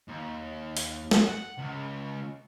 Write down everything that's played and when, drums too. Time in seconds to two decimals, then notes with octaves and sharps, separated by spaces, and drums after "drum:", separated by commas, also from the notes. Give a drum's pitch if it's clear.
0.08 D#2
0.77 drum: open hi-hat
1.11 drum: snare
1.29 F#5
1.58 C#2